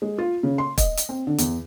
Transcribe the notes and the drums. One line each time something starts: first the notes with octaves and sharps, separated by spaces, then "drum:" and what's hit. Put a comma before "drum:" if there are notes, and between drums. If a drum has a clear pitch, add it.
G#3
F4
C#3
C6
D#5, drum: kick, hi-hat
drum: hi-hat
C4
D3
E2, drum: hi-hat